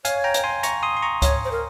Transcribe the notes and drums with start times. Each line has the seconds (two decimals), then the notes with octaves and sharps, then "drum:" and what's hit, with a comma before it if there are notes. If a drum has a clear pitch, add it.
0.05 C#5 F5 G#5, drum: hi-hat
0.24 G5 A#5
0.34 drum: hi-hat
0.44 G#5 C6
0.63 A#5 C#6, drum: hi-hat
0.83 C6 D#6
0.97 C6
1.02 A#5 C#6
1.22 C#5, drum: kick C#2, hi-hat
1.45 C5
1.51 A#4